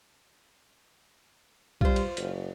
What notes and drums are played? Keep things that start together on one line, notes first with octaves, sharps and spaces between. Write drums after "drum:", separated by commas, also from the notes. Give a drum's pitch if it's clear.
G3 F4 C5, drum: kick B1
drum: cymbal
F#1, drum: hi-hat